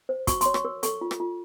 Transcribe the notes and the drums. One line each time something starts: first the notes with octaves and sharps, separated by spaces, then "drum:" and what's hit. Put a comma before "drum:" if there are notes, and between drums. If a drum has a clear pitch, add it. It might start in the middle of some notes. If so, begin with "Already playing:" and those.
C5
F#4 C#6, drum: kick, hi-hat
C#5 C6, drum: hi-hat
C#6, drum: rim click
A#4
A4 C#6, drum: hi-hat
F4
drum: rim click
F4